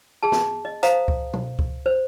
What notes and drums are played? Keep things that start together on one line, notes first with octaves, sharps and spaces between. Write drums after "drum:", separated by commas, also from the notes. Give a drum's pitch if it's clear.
G#4 A5
drum: snare
D#5
C5 F5 A#5 D#6, drum: hi-hat
drum: kick C#2
drum: tom B2
drum: kick C#2
C5